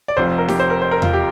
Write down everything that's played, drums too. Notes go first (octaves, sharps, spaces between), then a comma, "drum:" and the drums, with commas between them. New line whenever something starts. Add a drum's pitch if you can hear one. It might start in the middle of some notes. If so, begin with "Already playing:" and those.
D5
F1 F2 F3 C5
A#4
G4, drum: snare D#4
C5
A#4
C5
A#4
F4, drum: tom E2
G4